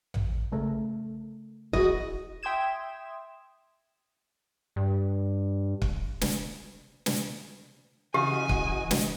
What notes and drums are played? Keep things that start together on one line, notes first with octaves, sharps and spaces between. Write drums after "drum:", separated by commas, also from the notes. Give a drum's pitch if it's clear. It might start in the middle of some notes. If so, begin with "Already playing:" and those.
drum: tom A1
C#3 A3 A#4
E4 F#4 G#4 D#5, drum: kick
E5 G5 C6 D#6 G#6 E7
G2
drum: kick
drum: snare
drum: snare
C#3 E3 F#4 G4 D#5 G#5
drum: kick
drum: snare